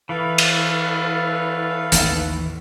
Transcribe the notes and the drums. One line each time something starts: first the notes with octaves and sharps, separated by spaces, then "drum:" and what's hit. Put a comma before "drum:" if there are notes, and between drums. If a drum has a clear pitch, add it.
E3 A4 B4 F5
drum: cymbal
A1 D#2 D#3, drum: hi-hat